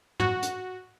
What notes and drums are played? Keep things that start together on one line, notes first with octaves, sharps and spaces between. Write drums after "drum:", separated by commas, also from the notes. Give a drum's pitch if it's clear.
F#4, drum: tom
drum: hi-hat